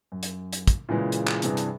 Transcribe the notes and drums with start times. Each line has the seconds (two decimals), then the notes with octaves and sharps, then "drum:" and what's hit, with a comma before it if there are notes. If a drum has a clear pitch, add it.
0.12 F#2
0.23 drum: hi-hat
0.53 drum: hi-hat
0.67 drum: kick, hi-hat
0.89 A#2 C#3 E3 G#3
1.12 drum: hi-hat
1.27 drum: clap
1.42 G2 C3 E3 D4 G#4, drum: hi-hat
1.57 drum: hi-hat